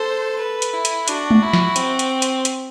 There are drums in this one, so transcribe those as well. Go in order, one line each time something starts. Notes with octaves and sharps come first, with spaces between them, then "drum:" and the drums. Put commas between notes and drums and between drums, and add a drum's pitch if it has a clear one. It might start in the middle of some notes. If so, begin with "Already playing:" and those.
Already playing: A4 C5
B4
drum: hi-hat
E4
drum: hi-hat
D4 F#4, drum: hi-hat
drum: tom G#3
E4
drum: snare
C4, drum: hi-hat
drum: hi-hat
drum: hi-hat
drum: hi-hat